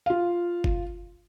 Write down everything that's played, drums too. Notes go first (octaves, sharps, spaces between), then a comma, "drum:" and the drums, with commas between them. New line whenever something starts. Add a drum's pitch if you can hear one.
F4 F5
drum: kick F#1